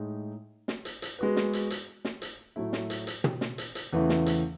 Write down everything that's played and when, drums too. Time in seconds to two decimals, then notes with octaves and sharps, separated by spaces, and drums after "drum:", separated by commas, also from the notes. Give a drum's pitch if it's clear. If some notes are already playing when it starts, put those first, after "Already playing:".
Already playing: A2 G#3 D#4
0.68 drum: snare
0.85 drum: hi-hat
1.02 drum: hi-hat
1.19 G#3 B3 F#4 B4
1.36 drum: snare
1.53 drum: hi-hat
1.70 drum: hi-hat
2.05 drum: snare
2.22 drum: hi-hat
2.56 A2 F#3 A3 E4
2.73 drum: snare
2.90 drum: hi-hat
3.07 drum: hi-hat
3.24 drum: tom
3.41 drum: snare
3.58 drum: hi-hat
3.75 drum: hi-hat
3.93 E2 C#3 E3 A3 E4
4.09 drum: snare
4.26 drum: hi-hat